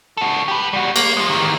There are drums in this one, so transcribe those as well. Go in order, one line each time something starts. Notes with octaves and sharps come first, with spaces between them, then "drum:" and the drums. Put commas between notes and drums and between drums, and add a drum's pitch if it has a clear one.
F#4 A4
G4 B4
G3 F#4
A#3, drum: cymbal
F3 G#3
D#3 E3